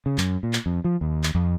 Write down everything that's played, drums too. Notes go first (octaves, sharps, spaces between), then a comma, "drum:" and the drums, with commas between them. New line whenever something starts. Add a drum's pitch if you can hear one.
C#3
F#2, drum: clap
A#2
drum: clap
F2
F3
D#2
drum: clap
F2